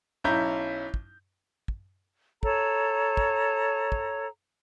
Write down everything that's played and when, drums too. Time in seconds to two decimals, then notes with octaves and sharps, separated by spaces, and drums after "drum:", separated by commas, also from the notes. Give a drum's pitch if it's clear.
0.24 B1 C#4 E4 A#5 G6
0.94 drum: kick
1.68 drum: kick
2.43 A4 C#5 A#5, drum: kick
3.17 drum: kick
3.92 drum: kick